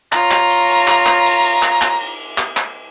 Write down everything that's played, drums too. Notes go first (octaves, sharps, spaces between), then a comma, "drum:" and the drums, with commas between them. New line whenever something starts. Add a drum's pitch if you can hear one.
F4 C#5 A#5, drum: clap
drum: clap
drum: cymbal
drum: cymbal
drum: clap
drum: clap
drum: cymbal
drum: cymbal
drum: clap
drum: clap
drum: cymbal
drum: clap
drum: clap